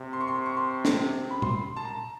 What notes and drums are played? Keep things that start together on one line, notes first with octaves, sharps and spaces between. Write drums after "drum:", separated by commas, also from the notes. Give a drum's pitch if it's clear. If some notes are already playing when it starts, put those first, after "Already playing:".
Already playing: C3
C6
C#6
C6
C#6
C6
drum: snare
B5
C6, drum: tom A#2
A5
A#5